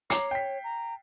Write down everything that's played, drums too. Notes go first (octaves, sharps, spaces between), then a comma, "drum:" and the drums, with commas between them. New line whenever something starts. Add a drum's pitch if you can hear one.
C#5 A#5 D6 C7, drum: hi-hat
G5 B6
A#5